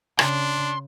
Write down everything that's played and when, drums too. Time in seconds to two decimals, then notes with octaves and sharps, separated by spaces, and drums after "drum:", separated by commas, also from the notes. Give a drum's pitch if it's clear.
0.19 C#3 D4 C6, drum: rim click